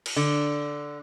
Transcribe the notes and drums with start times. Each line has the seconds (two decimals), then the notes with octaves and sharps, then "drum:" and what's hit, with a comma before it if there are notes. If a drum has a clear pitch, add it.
0.06 drum: cymbal
0.16 D3